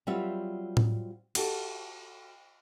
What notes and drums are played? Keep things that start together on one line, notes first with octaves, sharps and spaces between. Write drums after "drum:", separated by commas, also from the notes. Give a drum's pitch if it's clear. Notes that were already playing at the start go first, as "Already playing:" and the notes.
F#3 G3 C4 F4 B4 E5
drum: tom A2
F#4 G4 A4, drum: cymbal